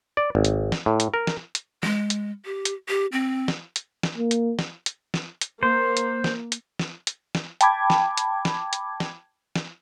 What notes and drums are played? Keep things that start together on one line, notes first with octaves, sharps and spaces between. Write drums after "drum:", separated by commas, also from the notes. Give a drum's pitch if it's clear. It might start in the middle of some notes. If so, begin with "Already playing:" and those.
D5
G#1
drum: hi-hat
drum: snare
A2
drum: hi-hat
A#4
drum: snare
drum: hi-hat
G#3, drum: snare
drum: hi-hat
G4
drum: hi-hat
G4
C4
drum: snare
drum: hi-hat
drum: snare
A#3
drum: hi-hat
drum: snare
drum: hi-hat
drum: snare
drum: hi-hat
A#3 C5
drum: hi-hat
drum: snare
drum: hi-hat
drum: snare
drum: hi-hat
drum: snare
G5 A5 B5 D6 G#6, drum: hi-hat
drum: snare
drum: hi-hat
drum: snare
drum: hi-hat
drum: snare
drum: snare